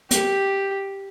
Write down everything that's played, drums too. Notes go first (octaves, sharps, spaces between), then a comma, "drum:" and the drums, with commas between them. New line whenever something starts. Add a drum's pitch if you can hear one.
G4, drum: hi-hat